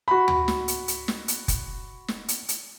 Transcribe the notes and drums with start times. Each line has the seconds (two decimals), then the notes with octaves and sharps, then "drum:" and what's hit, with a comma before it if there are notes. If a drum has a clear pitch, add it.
0.08 F#4 B5
0.28 drum: tom D2
0.48 drum: snare
0.68 drum: hi-hat
0.88 drum: hi-hat
1.08 drum: snare
1.28 drum: hi-hat
1.48 drum: kick F1, hi-hat
2.08 drum: snare
2.28 drum: hi-hat
2.49 drum: hi-hat